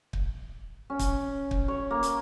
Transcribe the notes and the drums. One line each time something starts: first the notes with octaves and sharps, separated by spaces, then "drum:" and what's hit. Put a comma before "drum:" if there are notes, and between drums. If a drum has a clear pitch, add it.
drum: kick
C#4
drum: kick, hi-hat
drum: kick
C#5
A#3
drum: hi-hat